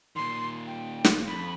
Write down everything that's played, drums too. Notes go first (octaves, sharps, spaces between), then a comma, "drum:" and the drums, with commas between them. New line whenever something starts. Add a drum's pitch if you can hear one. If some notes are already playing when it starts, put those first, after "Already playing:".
A#2 D#3 C6
G5
drum: snare
F2 B5